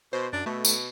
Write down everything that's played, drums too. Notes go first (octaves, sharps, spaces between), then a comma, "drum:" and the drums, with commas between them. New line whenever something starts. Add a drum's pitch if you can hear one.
B2 C5
F#2 D4
B2 A3
drum: tambourine